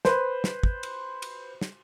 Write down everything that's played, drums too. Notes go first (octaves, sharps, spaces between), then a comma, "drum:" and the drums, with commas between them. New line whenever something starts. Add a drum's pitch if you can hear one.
B4 C5, drum: snare
drum: snare
drum: kick
drum: cymbal
drum: cymbal
drum: snare